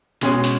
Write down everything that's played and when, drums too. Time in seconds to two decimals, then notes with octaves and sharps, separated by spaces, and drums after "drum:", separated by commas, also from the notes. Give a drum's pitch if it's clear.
0.21 B2 G#3 C#4 G#4, drum: hi-hat
0.44 drum: hi-hat